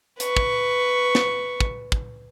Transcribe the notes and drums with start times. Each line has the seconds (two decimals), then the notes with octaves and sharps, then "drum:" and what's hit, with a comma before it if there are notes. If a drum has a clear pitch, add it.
0.20 B4 C#6, drum: hi-hat
0.37 drum: kick
1.15 drum: snare
1.60 drum: kick
1.92 drum: kick